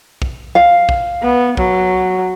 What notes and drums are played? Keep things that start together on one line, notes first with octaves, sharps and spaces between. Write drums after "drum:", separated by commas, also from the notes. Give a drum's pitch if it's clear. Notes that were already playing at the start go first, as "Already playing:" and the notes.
drum: kick
F5
drum: kick
B3
F#3, drum: kick